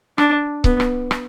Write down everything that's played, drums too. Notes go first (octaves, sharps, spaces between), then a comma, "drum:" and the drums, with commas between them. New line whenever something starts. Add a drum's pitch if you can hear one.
D4, drum: rim click
B3, drum: kick C#1
drum: rim click
drum: rim click